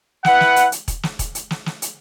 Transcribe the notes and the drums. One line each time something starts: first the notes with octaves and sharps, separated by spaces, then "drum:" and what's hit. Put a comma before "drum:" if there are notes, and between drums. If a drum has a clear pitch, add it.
E4 B4 F#5, drum: snare
drum: snare
drum: hi-hat
drum: hi-hat
drum: kick E1, hi-hat
drum: snare
drum: kick E1, hi-hat
drum: hi-hat
drum: snare
drum: snare
drum: hi-hat